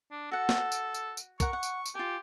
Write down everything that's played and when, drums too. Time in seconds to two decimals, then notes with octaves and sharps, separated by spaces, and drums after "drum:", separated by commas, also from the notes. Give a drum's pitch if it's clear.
0.11 D4
0.31 F#4 A4 F#5
0.49 drum: snare
0.72 drum: tambourine
0.94 drum: tambourine
1.17 drum: tambourine
1.40 A#4 F#5 C#6, drum: kick, tambourine
1.53 F#5
1.63 drum: tambourine
1.86 drum: tambourine
1.95 F4 G4 G#5